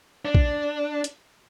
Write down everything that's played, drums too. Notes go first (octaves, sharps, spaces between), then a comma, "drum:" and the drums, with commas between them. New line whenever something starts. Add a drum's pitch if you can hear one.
D4
drum: kick A#1
drum: hi-hat